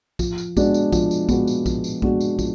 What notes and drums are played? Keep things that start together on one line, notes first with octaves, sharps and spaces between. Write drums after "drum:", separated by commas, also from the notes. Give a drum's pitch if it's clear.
F3, drum: kick, tambourine
drum: tambourine
G#3 B3 D4 F#4, drum: kick, tambourine
drum: tambourine
F3, drum: kick, tambourine
drum: tambourine
G#3 B3 D4 F#4, drum: kick, tambourine
drum: tambourine
F3, drum: kick, tambourine
drum: tambourine
G#3 B3 D4 F#4, drum: kick
drum: tambourine
F3, drum: kick, tambourine